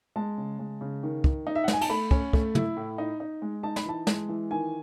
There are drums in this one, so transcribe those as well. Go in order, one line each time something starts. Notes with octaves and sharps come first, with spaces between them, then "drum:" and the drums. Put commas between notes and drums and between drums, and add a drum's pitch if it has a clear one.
G#3 A5
C#3
G#3
C#3
D#3
D#3, drum: kick
D#4
E5
F#5
D#4 G#5, drum: snare
A5, drum: cymbal
A3 B5
C#4, drum: kick
A3, drum: kick
E4, drum: tom
A2
D#4
D#4
G#3
D#4 A5
B5, drum: snare
E3 A5
G#3, drum: snare
E3
D#3 G#5